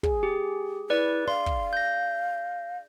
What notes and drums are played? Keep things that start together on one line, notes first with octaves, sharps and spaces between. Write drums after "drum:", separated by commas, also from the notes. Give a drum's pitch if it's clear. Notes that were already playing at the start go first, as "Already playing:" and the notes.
G#4, drum: kick
G4
E4 B4 D5
D5 F5 C6
drum: kick
G6 A#6